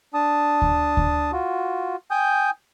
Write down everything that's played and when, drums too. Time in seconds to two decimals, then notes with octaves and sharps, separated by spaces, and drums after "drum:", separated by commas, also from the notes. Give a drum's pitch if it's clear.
0.14 D4 A5 D#6
0.62 drum: kick D2
0.97 drum: kick D2
1.32 F4 F#4
2.11 G5 G#5 D#6 G6